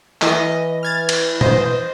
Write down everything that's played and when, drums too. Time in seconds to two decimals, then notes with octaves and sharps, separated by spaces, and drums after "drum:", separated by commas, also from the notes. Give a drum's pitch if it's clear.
0.22 E3 D#5, drum: clap
0.83 F6 G#6 A6
1.09 drum: cymbal
1.41 C5 D#5, drum: tom B2